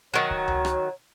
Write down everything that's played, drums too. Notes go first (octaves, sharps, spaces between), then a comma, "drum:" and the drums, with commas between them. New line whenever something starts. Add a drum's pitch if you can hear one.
D#3 F#3 C#5
drum: kick C#1
drum: tom C#2
drum: rim click